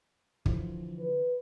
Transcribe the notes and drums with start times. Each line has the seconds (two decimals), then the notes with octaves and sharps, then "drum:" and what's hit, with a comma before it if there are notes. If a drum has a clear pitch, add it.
0.46 D3 E3 F3, drum: kick
0.99 B4